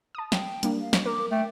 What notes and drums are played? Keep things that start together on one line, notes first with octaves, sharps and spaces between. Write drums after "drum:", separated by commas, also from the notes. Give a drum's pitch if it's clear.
A5 D#6
G5, drum: snare
G3 A#3 D4, drum: hi-hat
F5
drum: snare
A#4 D6
A3 G5